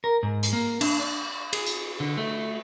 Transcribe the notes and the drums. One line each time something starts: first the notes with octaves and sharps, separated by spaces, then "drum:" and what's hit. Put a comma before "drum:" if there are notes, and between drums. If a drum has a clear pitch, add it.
A#4
G#2
drum: hi-hat
A#3
D4, drum: cymbal
D5
G#4, drum: cymbal
drum: tambourine
D3
A3